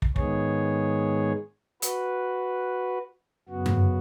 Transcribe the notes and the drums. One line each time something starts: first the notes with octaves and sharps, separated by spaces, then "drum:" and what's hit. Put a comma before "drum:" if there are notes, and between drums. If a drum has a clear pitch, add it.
drum: kick
G#2 D#3 G#3 B3 G#4 C#5, drum: kick
F#4 B4, drum: hi-hat
F#2 C#3 B3 F#4
drum: tom G2